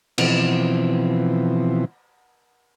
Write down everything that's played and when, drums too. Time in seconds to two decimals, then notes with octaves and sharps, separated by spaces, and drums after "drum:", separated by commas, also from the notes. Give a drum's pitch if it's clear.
0.18 B2 E3 F3 C4, drum: cymbal